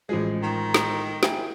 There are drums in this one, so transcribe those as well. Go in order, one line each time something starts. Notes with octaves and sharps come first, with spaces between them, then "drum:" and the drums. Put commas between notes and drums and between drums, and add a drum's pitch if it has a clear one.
A1 F3 G#3 G#4
D#3
drum: snare
E4 G#4 G5, drum: snare